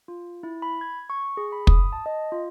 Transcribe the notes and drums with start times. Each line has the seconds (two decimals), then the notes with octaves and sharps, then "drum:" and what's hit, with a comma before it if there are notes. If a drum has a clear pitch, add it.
0.08 F4
0.43 E4
0.62 B5
0.81 G#6
1.10 C#6
1.37 G#4
1.52 B5
1.67 D#6, drum: kick
1.93 A5
2.06 D#5
2.32 F4